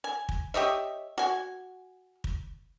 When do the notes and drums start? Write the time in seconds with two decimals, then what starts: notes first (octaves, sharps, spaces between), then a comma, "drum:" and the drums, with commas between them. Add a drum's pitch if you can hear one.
0.04 G#5
0.29 drum: kick
0.54 G4 C#5 D#5 E5
1.18 F#4 G#5
2.24 drum: kick